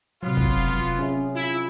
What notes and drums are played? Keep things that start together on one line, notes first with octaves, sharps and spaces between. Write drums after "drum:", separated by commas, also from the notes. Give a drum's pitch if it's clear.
C3 F#3 B3 F4
drum: kick
drum: snare
C#4 G#4 E5
E4 F4